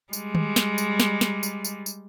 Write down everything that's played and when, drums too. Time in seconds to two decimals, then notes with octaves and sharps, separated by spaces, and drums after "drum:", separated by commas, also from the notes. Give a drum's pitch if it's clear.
0.13 G3 G#3, drum: tambourine
0.35 drum: tom D#3
0.56 drum: snare
0.78 drum: tambourine
1.00 drum: snare
1.21 drum: snare
1.43 drum: tambourine
1.65 drum: tambourine
1.86 drum: tambourine